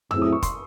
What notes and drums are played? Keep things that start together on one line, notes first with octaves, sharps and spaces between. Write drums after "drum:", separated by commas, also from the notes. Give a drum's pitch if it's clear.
A2 F#3 C4 E4 G#4 E6, drum: tom F2
D#6
C#6
C6, drum: kick, hi-hat